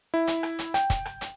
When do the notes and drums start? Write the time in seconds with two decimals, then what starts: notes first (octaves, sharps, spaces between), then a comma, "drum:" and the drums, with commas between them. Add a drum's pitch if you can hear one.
0.14 E4
0.27 drum: hi-hat
0.43 drum: rim click
0.59 drum: hi-hat
0.74 G5, drum: hi-hat
0.90 drum: kick, hi-hat
1.05 drum: rim click
1.21 drum: hi-hat